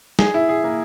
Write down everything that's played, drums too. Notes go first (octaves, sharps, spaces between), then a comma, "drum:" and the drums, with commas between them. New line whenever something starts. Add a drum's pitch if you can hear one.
G#4, drum: snare
E4
G#4
A#3